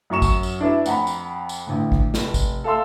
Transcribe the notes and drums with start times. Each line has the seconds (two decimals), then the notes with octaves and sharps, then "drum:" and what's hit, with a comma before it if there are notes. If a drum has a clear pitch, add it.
0.10 F#2 F#3 A#5 C#6 E7
0.22 drum: kick G#1, tambourine
0.43 drum: tambourine
0.61 D4 E4 B4
0.86 F2 F#5 A#5 B5, drum: tambourine
1.07 drum: tambourine
1.49 drum: tambourine
1.67 A1 D3
1.92 drum: kick G#1
2.14 F1, drum: snare
2.34 drum: kick G#1, tambourine
2.64 A4 E5 F5 A5 C6 E6